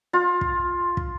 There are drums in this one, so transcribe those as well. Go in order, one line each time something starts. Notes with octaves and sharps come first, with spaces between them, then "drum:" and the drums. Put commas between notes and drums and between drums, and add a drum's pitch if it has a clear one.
F4
drum: kick
drum: kick